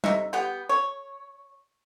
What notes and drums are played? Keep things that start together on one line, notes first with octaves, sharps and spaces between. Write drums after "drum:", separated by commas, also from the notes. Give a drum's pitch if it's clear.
C3 D#4 E5, drum: tom G3
B3 G4 F#5 G5
C#5